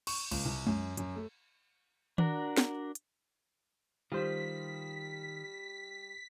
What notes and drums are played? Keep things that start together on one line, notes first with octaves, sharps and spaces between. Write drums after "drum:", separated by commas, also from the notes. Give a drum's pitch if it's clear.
C#6, drum: cymbal
C#2, drum: cymbal
C2
F#2, drum: tom G#3
F#2, drum: hi-hat
A3
D4 F#4 A#4, drum: tom D#3
drum: snare
drum: hi-hat
D#3 G3 F4 C5 B6